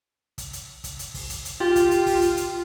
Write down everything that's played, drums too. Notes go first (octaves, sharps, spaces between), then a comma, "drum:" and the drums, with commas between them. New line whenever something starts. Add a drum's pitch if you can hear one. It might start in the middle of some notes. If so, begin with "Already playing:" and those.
drum: kick, hi-hat
drum: hi-hat
drum: kick, hi-hat
drum: hi-hat
drum: kick, open hi-hat
drum: kick, hi-hat
drum: hi-hat
F4 G4
drum: kick, hi-hat
drum: hi-hat
drum: kick, open hi-hat
drum: kick, hi-hat
drum: hi-hat